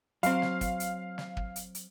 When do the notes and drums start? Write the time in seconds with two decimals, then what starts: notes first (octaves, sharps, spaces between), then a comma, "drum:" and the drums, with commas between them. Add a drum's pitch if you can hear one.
0.23 F#3 C4 F5, drum: hi-hat
0.42 drum: snare
0.61 drum: kick, hi-hat
0.80 drum: hi-hat
1.18 drum: snare
1.37 drum: kick
1.56 drum: hi-hat
1.75 drum: hi-hat